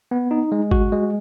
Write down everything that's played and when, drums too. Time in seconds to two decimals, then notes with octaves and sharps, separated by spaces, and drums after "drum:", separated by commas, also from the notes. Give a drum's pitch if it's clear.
0.11 B3
0.31 D#4
0.52 G#3
0.71 F#4, drum: kick G#1
0.92 G#3